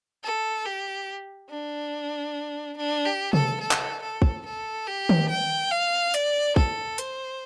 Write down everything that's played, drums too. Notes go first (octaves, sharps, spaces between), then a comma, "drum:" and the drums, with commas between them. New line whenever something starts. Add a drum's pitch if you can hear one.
A4
G4
D4
D4
G4
A4, drum: tom C3
A4
drum: clap
A4
drum: kick
A4
G4
drum: tom D#3
G5
F5
D5, drum: hi-hat
A4, drum: kick
C5, drum: hi-hat